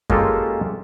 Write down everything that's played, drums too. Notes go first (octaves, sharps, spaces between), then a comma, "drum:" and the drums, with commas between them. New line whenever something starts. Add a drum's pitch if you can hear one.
G#3 A#3 C#4 F4 G4 A4, drum: kick F#2